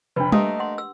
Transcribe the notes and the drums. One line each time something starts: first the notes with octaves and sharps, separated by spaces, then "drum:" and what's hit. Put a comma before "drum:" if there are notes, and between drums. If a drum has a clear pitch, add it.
F1 D4 B4 B5
A3 A#3 G4 A#4 D#5 D#6, drum: tom G3
F#5 C6
E6